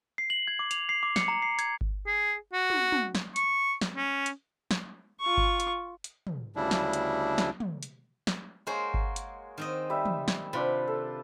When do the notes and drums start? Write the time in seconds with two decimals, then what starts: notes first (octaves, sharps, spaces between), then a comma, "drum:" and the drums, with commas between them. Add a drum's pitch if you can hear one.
0.18 C7
0.30 F#7
0.47 G#6
0.59 D6
0.71 F7, drum: hi-hat
0.89 C7
1.03 D6
1.16 C#7, drum: snare
1.28 A#5
1.42 C7
1.59 G#6, drum: hi-hat
1.81 drum: kick G1
2.07 G#4
2.53 F#4
2.70 drum: tom
2.92 drum: tom
3.15 drum: snare
3.36 C#6, drum: hi-hat
3.81 drum: snare
3.96 C#4
4.26 drum: hi-hat
4.71 drum: snare
5.21 F4 C#6
5.37 drum: kick G1
5.60 drum: hi-hat
6.04 drum: hi-hat
6.27 drum: tom
6.56 D2 C#3 G3 D4 E4
6.71 drum: snare
6.93 drum: hi-hat
7.38 drum: snare
7.60 drum: tom
7.83 drum: hi-hat
8.27 drum: snare
8.67 G#3 A#3 F#4 C5 C#5 C6
8.94 drum: kick G1
9.16 drum: hi-hat
9.58 D#3 C4 D#5
9.90 G3 E5
10.05 drum: tom
10.28 drum: snare
10.53 C3 D4 F4 B4
10.87 A4